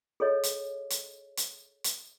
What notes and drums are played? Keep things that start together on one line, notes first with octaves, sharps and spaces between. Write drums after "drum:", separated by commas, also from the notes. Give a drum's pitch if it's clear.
G#4 A4 C#5 D#5
drum: hi-hat
drum: hi-hat
drum: hi-hat
drum: hi-hat